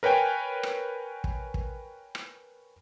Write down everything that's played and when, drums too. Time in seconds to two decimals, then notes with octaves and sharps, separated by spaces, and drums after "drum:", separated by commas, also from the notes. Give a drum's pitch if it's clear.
0.03 A#4 B4 C#5 G5 G#5
0.63 drum: rim click
1.24 drum: kick
1.54 drum: kick
2.15 drum: rim click